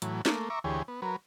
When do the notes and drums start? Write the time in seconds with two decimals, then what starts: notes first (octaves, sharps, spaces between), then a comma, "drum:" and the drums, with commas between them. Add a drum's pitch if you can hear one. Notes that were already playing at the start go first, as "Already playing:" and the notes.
0.02 A2 E3 F#3, drum: hi-hat
0.26 A3 A#3, drum: snare
0.50 E5 A#5 C#6 D6
0.64 D2 E3 G4 G#4 C#5
0.88 B3
1.02 F#3 A#4 B4